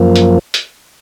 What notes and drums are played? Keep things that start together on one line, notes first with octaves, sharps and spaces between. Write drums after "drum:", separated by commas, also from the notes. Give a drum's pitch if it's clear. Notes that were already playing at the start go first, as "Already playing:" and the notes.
Already playing: F#2 F3 A#3
drum: hi-hat
drum: hi-hat